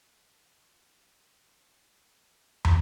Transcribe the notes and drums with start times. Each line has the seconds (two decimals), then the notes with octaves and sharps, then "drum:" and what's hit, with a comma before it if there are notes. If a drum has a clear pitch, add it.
0.01 E4 G#4 C5 G5
2.65 drum: tom